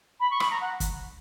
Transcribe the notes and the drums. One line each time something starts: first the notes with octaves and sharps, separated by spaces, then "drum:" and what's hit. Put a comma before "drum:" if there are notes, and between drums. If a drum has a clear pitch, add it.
B5
C#6
B5, drum: rim click
A#5
F#5
drum: kick, hi-hat